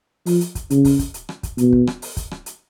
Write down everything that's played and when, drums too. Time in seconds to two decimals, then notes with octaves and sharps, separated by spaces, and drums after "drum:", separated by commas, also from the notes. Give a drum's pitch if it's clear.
0.26 F3, drum: open hi-hat
0.41 drum: hi-hat
0.55 drum: kick, hi-hat
0.70 C#3, drum: hi-hat
0.85 drum: kick, open hi-hat
0.99 drum: kick, hi-hat
1.14 drum: hi-hat
1.29 drum: rim click
1.43 drum: kick, hi-hat
1.58 B2, drum: hi-hat
1.73 drum: kick
1.87 drum: rim click
2.02 drum: open hi-hat
2.17 drum: kick, hi-hat
2.31 drum: rim click
2.46 drum: hi-hat